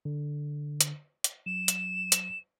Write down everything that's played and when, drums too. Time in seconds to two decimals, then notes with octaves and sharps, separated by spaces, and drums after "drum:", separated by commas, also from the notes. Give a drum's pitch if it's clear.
0.05 D3
0.81 drum: hi-hat
1.24 drum: hi-hat
1.46 F#3 E7
1.68 drum: hi-hat
2.12 drum: hi-hat